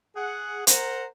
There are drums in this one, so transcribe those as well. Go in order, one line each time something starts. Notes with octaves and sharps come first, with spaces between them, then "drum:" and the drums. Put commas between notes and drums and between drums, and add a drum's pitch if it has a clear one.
G#4 F#5
A#4 C5 F#5 A#5, drum: hi-hat